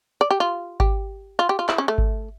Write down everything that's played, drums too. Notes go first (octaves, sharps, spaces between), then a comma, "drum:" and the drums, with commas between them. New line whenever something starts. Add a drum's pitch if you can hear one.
D5
G4
F4
G4, drum: kick G#1
F4
G4
F4
E4, drum: clap
C#4
A3
drum: kick G#1